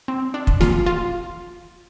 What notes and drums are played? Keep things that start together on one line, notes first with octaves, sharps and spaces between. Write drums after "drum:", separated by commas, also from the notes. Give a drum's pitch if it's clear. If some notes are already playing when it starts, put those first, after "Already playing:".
C4
D4
drum: kick
F4, drum: snare
F4